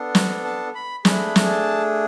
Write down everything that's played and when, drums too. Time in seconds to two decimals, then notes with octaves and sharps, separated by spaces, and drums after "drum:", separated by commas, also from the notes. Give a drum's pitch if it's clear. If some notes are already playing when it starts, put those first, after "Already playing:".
Already playing: B3 D4 A4
0.15 drum: snare
0.45 A5
0.75 B5
1.05 A3 D4 G#4 B5, drum: snare
1.36 drum: snare
1.51 A5